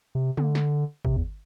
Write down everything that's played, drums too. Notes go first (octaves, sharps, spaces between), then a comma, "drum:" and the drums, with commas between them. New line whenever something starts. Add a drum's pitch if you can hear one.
C3
D3, drum: tom
drum: snare
C3, drum: kick
E2